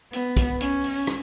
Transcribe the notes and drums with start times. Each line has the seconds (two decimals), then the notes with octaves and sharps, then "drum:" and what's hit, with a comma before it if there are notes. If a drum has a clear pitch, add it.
0.13 B3, drum: hi-hat
0.37 drum: kick, hi-hat
0.61 C#4, drum: hi-hat
0.84 drum: open hi-hat
1.07 drum: rim click